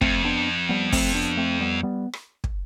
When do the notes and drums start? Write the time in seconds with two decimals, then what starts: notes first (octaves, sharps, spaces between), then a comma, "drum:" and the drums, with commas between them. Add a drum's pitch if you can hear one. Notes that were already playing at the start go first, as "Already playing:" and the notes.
0.01 F2 A3 C4, drum: kick
0.24 B3 D4
0.69 G3 B3
0.92 A3 C4, drum: kick, open hi-hat
1.14 B3 D4
1.37 A3 C4
1.60 G3 B3
1.83 G3 B3
2.13 drum: rim click
2.44 drum: kick